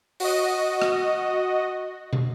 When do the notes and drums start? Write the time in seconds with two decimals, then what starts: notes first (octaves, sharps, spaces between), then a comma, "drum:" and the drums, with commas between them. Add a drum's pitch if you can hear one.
0.20 F#4 D#5, drum: open hi-hat
0.82 drum: rim click
2.13 drum: tom